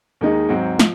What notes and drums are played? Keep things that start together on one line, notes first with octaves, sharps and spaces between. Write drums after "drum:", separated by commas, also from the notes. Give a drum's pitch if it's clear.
D#2 D#3 G#3 D#4
G#2 F#3 C4
F3, drum: snare